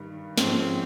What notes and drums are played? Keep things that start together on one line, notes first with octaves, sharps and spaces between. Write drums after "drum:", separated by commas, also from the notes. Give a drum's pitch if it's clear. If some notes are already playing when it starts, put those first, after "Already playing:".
Already playing: G2 D#3 G3
G#2 F3 G#3 C4 C#4 F4, drum: snare